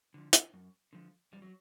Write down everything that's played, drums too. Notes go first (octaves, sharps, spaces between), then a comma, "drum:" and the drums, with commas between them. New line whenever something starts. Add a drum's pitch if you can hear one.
D3 F3
drum: hi-hat
F#2
D3 F3
E2 G3
F#3